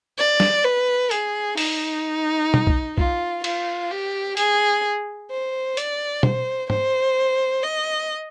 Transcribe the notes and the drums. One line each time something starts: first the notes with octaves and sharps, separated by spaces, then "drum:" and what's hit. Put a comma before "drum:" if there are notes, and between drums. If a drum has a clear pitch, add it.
D5
drum: snare
B4
G#4, drum: hi-hat
D#4, drum: open hi-hat
drum: tom
drum: kick
F4, drum: kick
F4, drum: cymbal
G4
G#4, drum: hi-hat
C5
D5, drum: hi-hat
C5, drum: tom
C5, drum: tom
D#5